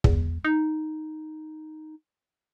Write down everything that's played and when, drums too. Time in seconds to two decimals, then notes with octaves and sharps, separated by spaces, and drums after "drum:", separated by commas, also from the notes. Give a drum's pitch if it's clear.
0.04 E2, drum: kick
0.45 D#4